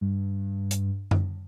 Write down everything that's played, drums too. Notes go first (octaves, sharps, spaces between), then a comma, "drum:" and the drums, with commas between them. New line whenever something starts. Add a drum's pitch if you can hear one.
G2
drum: hi-hat
drum: tom F#2